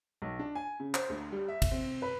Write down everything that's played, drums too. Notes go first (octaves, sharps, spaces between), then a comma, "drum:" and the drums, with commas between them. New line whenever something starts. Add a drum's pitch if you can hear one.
B1
D4
G#5
C#3
C5, drum: clap
D2
G3
E5
drum: kick, cymbal
C4
B4